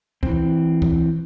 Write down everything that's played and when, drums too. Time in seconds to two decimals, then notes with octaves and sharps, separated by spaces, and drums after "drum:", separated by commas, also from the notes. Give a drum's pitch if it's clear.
0.23 E3 C4, drum: kick C#2
0.82 drum: kick C#2